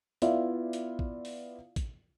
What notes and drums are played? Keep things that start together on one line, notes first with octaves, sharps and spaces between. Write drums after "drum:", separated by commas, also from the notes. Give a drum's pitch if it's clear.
B3 E4 F4 D5 E5 F5, drum: hi-hat
drum: hi-hat
drum: kick A1
drum: open hi-hat
drum: kick A1, hi-hat